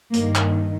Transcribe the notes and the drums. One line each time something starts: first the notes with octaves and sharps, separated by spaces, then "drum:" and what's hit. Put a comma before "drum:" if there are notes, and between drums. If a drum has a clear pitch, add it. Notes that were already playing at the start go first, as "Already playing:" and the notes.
G2 D#3 A#3, drum: hi-hat
drum: clap